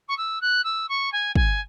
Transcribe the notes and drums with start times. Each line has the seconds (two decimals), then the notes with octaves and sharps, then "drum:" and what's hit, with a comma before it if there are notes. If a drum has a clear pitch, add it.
0.08 C#6
0.17 E6
0.41 F#6
0.64 E6
0.88 C#6
1.12 G#5
1.35 G#5, drum: kick